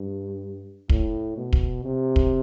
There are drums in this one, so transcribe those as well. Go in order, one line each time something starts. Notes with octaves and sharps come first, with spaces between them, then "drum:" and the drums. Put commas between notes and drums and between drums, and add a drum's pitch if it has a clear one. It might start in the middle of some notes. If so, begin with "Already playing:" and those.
Already playing: G2
A2, drum: kick
B2
drum: kick
C3
drum: kick